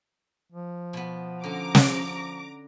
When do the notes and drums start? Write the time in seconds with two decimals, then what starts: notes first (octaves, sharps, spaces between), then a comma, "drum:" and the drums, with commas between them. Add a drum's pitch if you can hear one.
0.52 F3
0.93 B2 B3
1.44 D3 C#4 A#5 D6
1.75 drum: snare